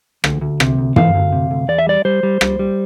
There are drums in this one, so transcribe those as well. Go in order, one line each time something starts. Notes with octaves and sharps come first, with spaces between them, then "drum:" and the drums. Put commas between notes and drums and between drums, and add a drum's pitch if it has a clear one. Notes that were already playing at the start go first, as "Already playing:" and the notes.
D2, drum: rim click
D2
C3, drum: rim click
D2
E3 F5, drum: tom
D2
C3
D2
E2 D5
E5
G3 D5
G3 C5
G3
G3, drum: rim click
G3